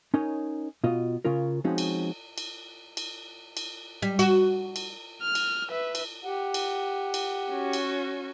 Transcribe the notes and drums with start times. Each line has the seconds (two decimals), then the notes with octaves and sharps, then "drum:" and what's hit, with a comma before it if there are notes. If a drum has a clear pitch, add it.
0.14 C#4 D#4 A#4 C#5 D#5
0.84 B2 F4 D#5
1.25 C#3 C#4 F4 A#4
1.64 F3 G#3 C4 C#4 D#4 F#4
1.78 drum: cymbal
2.38 drum: cymbal
2.97 drum: cymbal
3.57 drum: cymbal
4.02 G3
4.19 F#4, drum: cymbal
4.76 drum: cymbal
5.22 F6
5.35 drum: cymbal
5.69 B4 E5
5.95 drum: cymbal
6.25 G4 F#5
6.54 drum: cymbal
7.14 drum: cymbal
7.50 C#4 F#4
7.73 drum: cymbal